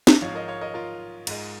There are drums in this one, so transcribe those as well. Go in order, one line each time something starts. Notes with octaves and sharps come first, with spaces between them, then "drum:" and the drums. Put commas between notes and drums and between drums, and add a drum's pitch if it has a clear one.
drum: snare D4
G#2 F3 G#3 C#5 F5
A#4 D#5
C#5 F5
A#4 D#5
F4 A#4
G#2 G#3, drum: cymbal